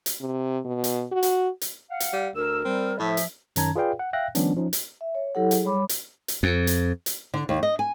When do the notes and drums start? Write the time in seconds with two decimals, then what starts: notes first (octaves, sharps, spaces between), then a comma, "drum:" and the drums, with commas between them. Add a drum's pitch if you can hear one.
0.06 drum: hi-hat
0.21 C3
0.65 B2
0.84 drum: hi-hat
1.12 F#4
1.23 drum: hi-hat
1.61 drum: hi-hat
1.91 F5 F#5
2.00 drum: hi-hat
2.13 G3
2.36 D2 A#4 E6
2.65 G3 C4
2.99 A2 F3 E5
3.17 drum: hi-hat
3.56 F#2 D#3 C#4 A5 A#5 G#6, drum: hi-hat
3.76 F4 G#4 B4 D5 F5 G5
3.99 F#5
4.13 E5 F5 G5 F#6 A#6
4.35 D#3 F3 G3 B3 C#4 D4, drum: hi-hat
4.56 F3 C#4 D#4
4.73 drum: hi-hat
5.01 E5
5.15 C#5
5.35 F#3 E4 G4 A4 C#5 F#5
5.51 G#4, drum: hi-hat
5.65 G3 C#5 B5 D6
5.89 drum: hi-hat
6.28 drum: hi-hat
6.43 F2
6.67 drum: hi-hat
7.06 drum: hi-hat
7.34 D3
7.49 D#2
7.63 D#5
7.79 G#5